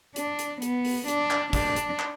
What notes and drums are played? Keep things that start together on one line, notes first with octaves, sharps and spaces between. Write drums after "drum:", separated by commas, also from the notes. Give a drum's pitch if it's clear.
D4, drum: hi-hat
drum: hi-hat
B3, drum: hi-hat
drum: open hi-hat
D4, drum: hi-hat
drum: clap
D4, drum: kick, hi-hat
drum: hi-hat
drum: clap